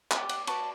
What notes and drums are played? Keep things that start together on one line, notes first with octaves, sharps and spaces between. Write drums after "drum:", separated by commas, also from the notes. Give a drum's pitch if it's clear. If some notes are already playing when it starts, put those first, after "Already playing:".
G4 D5 F#5, drum: clap
F#5, drum: cymbal
F#4 B4 D5 A5 C#6, drum: cymbal